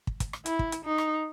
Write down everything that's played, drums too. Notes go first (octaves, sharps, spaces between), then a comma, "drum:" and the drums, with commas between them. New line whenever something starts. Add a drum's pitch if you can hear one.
drum: kick
drum: kick, hi-hat
drum: rim click
E4, drum: hi-hat
drum: kick
drum: hi-hat
D#4
drum: rim click